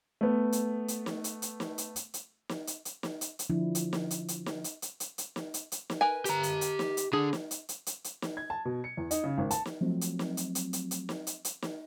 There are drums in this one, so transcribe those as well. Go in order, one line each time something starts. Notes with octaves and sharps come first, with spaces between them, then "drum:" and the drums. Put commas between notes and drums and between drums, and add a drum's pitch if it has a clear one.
A3 B3
drum: hi-hat
drum: hi-hat
drum: snare
drum: hi-hat
drum: hi-hat
drum: snare
drum: hi-hat
drum: hi-hat
drum: hi-hat
drum: snare
drum: hi-hat
drum: hi-hat
drum: snare
drum: hi-hat
drum: hi-hat
D3 F3 D4 E4
drum: hi-hat
drum: snare
drum: hi-hat
drum: hi-hat
drum: snare
drum: hi-hat
drum: hi-hat
drum: hi-hat
drum: hi-hat
drum: snare
drum: hi-hat
drum: hi-hat
drum: snare
A#4 B4 G#5
G4 A#5, drum: hi-hat
drum: hi-hat
drum: hi-hat
drum: snare
drum: hi-hat
D3 D4 G#4
drum: snare
drum: hi-hat
drum: hi-hat
drum: hi-hat
drum: hi-hat
drum: snare
G#6
A5
B2
C#7
E2
D#4, drum: hi-hat
C#3
G#1
A5, drum: hi-hat
drum: snare
F3 F#3 A3 C4
drum: hi-hat
drum: snare
drum: hi-hat
drum: hi-hat
drum: hi-hat
drum: hi-hat
drum: snare
drum: hi-hat
drum: hi-hat
drum: snare